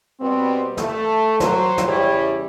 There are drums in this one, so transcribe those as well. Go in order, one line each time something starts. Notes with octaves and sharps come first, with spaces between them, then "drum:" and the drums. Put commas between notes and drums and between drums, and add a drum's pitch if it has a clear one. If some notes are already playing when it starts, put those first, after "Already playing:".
B2 G3 B3 C4
A3, drum: snare
F#3 C5, drum: snare
drum: snare
E2 C#3 G3 E4 G4 C#5